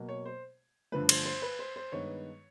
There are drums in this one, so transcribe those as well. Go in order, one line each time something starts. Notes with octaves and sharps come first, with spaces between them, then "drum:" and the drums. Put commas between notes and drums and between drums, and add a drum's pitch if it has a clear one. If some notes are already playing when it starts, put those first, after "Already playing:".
Already playing: B2 F#3 A#3
C#5
C5
G2 D3 F3 A3 B4
C5, drum: cymbal
C5
B4
C5
C5
G2 D#3 G#3 B3 C#5